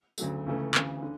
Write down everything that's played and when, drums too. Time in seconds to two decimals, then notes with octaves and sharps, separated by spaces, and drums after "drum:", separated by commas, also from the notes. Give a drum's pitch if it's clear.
0.18 D2 C#3 F#3 A3, drum: tambourine
0.46 C#2 C#3 E3 A3 C#4
0.75 D2 C#3 E3, drum: clap
1.02 D3